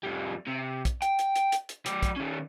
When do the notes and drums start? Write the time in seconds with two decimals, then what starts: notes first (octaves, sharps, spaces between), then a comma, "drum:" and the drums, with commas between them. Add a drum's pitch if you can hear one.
0.03 F2 G3
0.47 C3
0.85 drum: kick, hi-hat
1.02 G5, drum: hi-hat
1.19 drum: hi-hat
1.35 drum: hi-hat
1.52 drum: hi-hat
1.69 drum: hi-hat
1.86 F#3 D5, drum: hi-hat
2.03 drum: kick, hi-hat
2.16 D#3 C#4